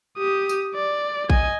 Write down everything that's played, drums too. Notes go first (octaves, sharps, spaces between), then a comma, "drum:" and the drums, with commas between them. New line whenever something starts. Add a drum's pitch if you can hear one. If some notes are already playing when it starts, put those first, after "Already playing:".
G4 D#6
drum: tambourine
D5
D#5 G#5, drum: kick